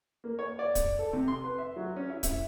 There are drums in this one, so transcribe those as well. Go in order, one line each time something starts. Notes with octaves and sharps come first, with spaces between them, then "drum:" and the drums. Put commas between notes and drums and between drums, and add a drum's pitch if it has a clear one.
A#3
C#5
D5
drum: kick, hi-hat
A4
C3
C6
B4
E5
F#3
C#4
E4
E5, drum: kick, hi-hat